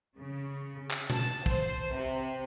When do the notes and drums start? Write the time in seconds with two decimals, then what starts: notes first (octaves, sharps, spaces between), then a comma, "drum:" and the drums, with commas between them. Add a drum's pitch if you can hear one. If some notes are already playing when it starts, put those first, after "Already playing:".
0.17 C#3
0.91 drum: clap
1.10 A5, drum: tom B2
1.46 C5, drum: kick
1.94 C3